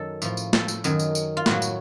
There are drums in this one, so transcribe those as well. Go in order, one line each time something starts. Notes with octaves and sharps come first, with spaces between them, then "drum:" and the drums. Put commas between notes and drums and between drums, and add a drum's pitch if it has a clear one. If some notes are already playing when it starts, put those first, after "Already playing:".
Already playing: F#2 D#3 F#3 A4
A2 F3, drum: tambourine
drum: tambourine
A4, drum: snare
drum: tambourine
F#2 D#3 F#3, drum: tambourine
drum: tambourine
drum: tambourine
F4
A2 F#3 F#4, drum: snare
drum: tambourine